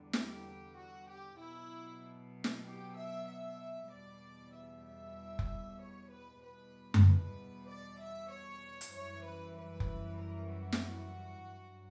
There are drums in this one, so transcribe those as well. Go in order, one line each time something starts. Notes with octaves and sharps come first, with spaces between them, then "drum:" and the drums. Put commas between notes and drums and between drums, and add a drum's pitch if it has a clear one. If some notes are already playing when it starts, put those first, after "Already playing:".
Already playing: E2 D3 G3
G4, drum: snare
F#4
G4
B2 F#3 E4
drum: snare
G4
E5
E5
E2 B2 G3 D5
E5
E5
drum: kick F1
C#5
B4
E2 B2 G3 B4
drum: tom F#2
B4
D5
E5
C#5
drum: hi-hat
F#2 E3 G3 C#5
B4
B4
drum: kick F1
A#4
F#4
drum: snare
G2 F#3